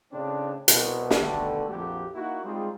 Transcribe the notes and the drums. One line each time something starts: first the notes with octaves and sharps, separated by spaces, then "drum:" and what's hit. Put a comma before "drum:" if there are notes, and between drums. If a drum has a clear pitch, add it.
A2 C#3 C4 D4
C2 B2, drum: hi-hat
drum: snare
B2 D3 D#3 G3 A3
A#1 F2 F#4 G4
A#3 D#4 E4 F#4
G3 G#3 C4 D#4 F4 G#4